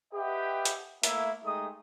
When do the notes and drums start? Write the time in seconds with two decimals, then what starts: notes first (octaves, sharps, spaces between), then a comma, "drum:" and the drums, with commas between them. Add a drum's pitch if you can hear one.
0.14 G4 B4 D#5 E5 F#5 G5
0.65 drum: hi-hat
1.03 A3 A#3 E4 E5, drum: hi-hat
1.43 G#3 A3 D#4 G4 D#6